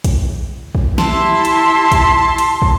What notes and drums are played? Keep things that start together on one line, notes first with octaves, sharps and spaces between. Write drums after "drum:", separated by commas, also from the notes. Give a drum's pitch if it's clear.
drum: kick, hi-hat
drum: kick
E4 G4 E5 A5 C6, drum: snare
drum: hi-hat
drum: kick, hi-hat
drum: hi-hat
drum: kick